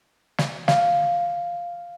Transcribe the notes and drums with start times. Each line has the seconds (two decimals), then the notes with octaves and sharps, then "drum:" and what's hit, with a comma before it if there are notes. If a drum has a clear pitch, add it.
0.38 drum: snare
0.68 F5, drum: snare